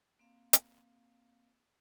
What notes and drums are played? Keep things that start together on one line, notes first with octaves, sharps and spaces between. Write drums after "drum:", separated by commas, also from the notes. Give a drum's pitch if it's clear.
A#3 C4 F5
drum: hi-hat